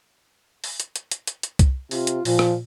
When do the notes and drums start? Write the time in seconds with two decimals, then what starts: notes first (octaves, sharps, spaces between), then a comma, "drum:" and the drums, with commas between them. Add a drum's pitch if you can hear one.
0.64 drum: open hi-hat
0.80 drum: hi-hat
0.96 drum: hi-hat
1.11 drum: hi-hat
1.27 drum: hi-hat
1.43 drum: hi-hat
1.59 drum: kick C2, hi-hat
1.91 C3 F4, drum: open hi-hat
2.07 drum: hi-hat
2.25 A#2 F3, drum: open hi-hat
2.39 drum: rim click